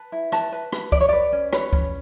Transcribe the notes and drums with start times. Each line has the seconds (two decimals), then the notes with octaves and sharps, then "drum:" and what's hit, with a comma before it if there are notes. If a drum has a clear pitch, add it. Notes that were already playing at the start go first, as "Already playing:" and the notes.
Already playing: B4 A5
0.12 E4
0.32 B4 A5, drum: rim click
0.52 B4
0.73 B4, drum: rim click
0.92 B4 D5, drum: kick C#2
1.01 C#5
1.09 B4 D5
1.32 C#4
1.53 B4 C#5, drum: rim click
1.73 C#4, drum: kick C#2